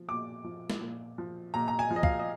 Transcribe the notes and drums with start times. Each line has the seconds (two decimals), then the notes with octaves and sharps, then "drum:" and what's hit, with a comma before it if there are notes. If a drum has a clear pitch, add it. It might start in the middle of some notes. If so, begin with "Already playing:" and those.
Already playing: F3
0.08 A#2 D6
0.44 F3
0.70 drum: snare
0.81 A#2
1.18 F3
1.54 A#2 A#5
1.68 A#5
1.79 G#5
1.91 F3
1.96 D#5
2.03 F5, drum: kick
2.19 D#5